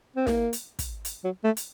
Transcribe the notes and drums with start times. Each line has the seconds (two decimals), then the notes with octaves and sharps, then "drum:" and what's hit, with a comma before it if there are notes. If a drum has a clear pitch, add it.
0.16 C4
0.27 A#3, drum: snare
0.53 drum: hi-hat
0.79 drum: kick, hi-hat
1.05 drum: hi-hat
1.24 F#3
1.44 A3
1.57 drum: hi-hat